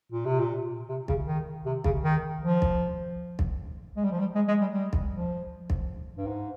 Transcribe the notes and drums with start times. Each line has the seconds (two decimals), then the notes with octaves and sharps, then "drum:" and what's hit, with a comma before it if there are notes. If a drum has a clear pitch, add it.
0.12 A#2
0.26 C3
0.39 A#2
0.89 C3
1.08 C#3, drum: kick
1.27 D#3
1.66 C3
1.84 C#3, drum: kick
2.04 D#3
2.43 F3
2.62 drum: kick
3.39 drum: kick
3.97 G#3
4.05 G3
4.12 F3
4.20 G3
4.35 G#3
4.48 G#3
4.61 G3
4.73 G3
4.93 drum: kick
5.12 F3
5.70 drum: kick
6.18 G2
6.27 G#2